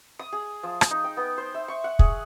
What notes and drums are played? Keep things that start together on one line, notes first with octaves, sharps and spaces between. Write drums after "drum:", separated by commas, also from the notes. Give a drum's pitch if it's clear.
D#6
G#4
F3
drum: rim click
D#4
G5
B3
C5
E5
C#6
F#5
G#4, drum: kick